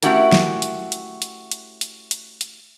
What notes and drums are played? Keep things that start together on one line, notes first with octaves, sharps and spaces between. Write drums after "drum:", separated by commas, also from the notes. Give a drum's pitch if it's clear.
A3 C#4 E4 F#4 G4 A#4, drum: hi-hat
drum: snare
drum: hi-hat
drum: hi-hat
drum: hi-hat
drum: hi-hat
drum: hi-hat
drum: hi-hat
drum: hi-hat